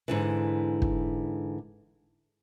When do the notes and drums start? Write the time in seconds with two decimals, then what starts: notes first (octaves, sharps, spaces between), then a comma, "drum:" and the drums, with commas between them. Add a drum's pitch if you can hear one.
0.08 G#2 D3 E3
0.82 drum: kick